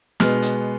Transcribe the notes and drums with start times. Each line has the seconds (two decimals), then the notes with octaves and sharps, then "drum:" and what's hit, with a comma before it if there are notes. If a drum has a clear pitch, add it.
0.20 B2 G#3 B3 F6, drum: snare
0.42 drum: hi-hat